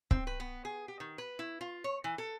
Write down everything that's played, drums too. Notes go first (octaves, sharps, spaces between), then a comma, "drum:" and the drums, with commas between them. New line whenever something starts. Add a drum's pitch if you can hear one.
C4, drum: kick C#1
B4
B3
G#4
G4
D#3
B4
E4
F4
C#5
E3
A4